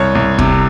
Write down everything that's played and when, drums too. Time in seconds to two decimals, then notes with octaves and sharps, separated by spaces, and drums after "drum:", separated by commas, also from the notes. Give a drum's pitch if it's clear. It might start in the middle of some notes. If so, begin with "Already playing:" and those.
Already playing: C2 C#5
0.15 C2
0.38 C3, drum: kick